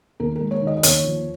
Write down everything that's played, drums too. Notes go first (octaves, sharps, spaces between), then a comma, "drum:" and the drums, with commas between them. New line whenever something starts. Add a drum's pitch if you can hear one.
D#2 A#4
G#3 A#4
C#5
D#3
D#5
D#5
D#2 C#5, drum: hi-hat
F3